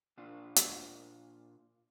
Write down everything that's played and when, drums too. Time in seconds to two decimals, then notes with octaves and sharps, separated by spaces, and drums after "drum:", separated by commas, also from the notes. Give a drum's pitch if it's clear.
0.17 A#2 D4 F4
0.56 drum: hi-hat